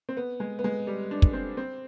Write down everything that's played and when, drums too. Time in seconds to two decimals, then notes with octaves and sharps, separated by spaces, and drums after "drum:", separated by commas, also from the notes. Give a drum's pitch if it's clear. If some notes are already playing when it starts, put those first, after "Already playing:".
0.09 C4
0.17 B3
0.40 G#3
0.59 B3
0.64 G#3
0.87 G3
1.11 D4
1.22 drum: kick
1.33 C4
1.57 C4